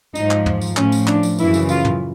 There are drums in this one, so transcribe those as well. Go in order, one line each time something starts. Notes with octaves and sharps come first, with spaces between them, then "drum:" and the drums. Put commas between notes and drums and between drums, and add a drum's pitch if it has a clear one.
G#2 F3 D#4, drum: tambourine
drum: clap
drum: tom
drum: tambourine
A2 F3 C#4, drum: clap
drum: tambourine
D4, drum: clap
drum: tambourine
F#2 C#3 E3 E4, drum: tambourine
drum: tambourine
F4, drum: tambourine
drum: tom